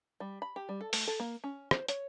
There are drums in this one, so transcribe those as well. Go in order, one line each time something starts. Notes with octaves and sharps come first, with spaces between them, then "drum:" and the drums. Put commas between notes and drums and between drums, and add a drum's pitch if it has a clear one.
G3
B5
G4
G3
A4
A3, drum: open hi-hat
A4
A#3
C#4
C5, drum: rim click
C#5, drum: hi-hat